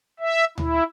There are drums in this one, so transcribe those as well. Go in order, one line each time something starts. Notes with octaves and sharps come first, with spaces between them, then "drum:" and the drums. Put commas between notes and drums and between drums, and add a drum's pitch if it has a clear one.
E5
E4, drum: tom D2